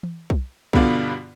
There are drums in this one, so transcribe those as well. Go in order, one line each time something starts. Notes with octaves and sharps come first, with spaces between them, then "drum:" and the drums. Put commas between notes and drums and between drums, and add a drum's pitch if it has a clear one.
drum: tom E3
drum: kick B1
G2 B2 D3 B3 D4 F4, drum: kick B1